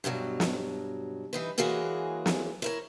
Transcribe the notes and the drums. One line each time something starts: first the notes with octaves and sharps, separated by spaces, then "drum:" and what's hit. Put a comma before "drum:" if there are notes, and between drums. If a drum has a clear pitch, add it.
G2 B2 D#3 F#3
drum: snare
E3 D#4 B4
E3 F#3 G#3 A#3 F#4 G#4
drum: snare
E4 A#4 C#5